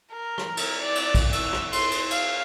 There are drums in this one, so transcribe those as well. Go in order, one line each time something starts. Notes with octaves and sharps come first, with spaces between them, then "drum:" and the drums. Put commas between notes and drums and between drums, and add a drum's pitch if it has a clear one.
A#4
drum: rim click
drum: cymbal
D5
drum: cymbal
drum: kick A#1, cymbal
E6, drum: cymbal
drum: rim click
C6, drum: cymbal
drum: cymbal
F5, drum: cymbal